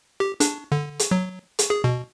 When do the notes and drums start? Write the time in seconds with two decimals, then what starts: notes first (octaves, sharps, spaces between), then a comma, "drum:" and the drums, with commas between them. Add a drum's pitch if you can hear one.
0.20 G4
0.40 D4, drum: hi-hat
0.72 D3
0.99 drum: hi-hat
1.11 F#3
1.59 drum: hi-hat
1.70 G#4
1.84 B2